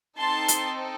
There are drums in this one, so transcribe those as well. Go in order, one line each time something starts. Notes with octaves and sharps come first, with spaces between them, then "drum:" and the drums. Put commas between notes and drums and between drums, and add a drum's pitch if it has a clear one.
C4 D#4 A4 A5 C6
drum: hi-hat